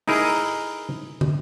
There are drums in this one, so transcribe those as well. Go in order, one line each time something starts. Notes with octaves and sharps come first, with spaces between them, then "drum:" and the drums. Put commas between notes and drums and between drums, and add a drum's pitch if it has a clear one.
D#4 E4 G#4 A#4, drum: open hi-hat
drum: tom